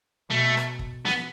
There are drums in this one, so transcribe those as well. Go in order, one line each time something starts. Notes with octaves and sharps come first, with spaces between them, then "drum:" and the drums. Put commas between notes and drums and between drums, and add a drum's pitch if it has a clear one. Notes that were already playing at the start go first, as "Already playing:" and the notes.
B2 A3
drum: rim click
drum: kick
B3, drum: snare